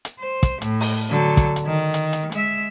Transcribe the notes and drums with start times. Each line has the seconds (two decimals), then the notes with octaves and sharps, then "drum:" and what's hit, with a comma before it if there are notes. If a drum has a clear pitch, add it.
0.05 drum: hi-hat
0.19 C5
0.43 drum: kick, hi-hat
0.62 A2, drum: hi-hat
0.80 drum: open hi-hat
1.10 D3 F#3
1.37 drum: kick, hi-hat
1.56 drum: hi-hat
1.65 D#3
1.94 drum: hi-hat
2.13 drum: hi-hat
2.32 G#3 E5, drum: hi-hat